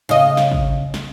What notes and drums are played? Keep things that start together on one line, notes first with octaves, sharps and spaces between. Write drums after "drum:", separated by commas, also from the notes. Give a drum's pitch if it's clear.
C#3 D#5
drum: snare
drum: kick
drum: snare